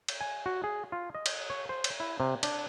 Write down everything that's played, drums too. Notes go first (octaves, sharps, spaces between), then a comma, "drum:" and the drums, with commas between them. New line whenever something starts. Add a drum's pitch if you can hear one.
drum: cymbal
G#5
F#4
G#4
F4
D#5
drum: cymbal
C#5
C5
drum: cymbal
E4
C3
D4, drum: cymbal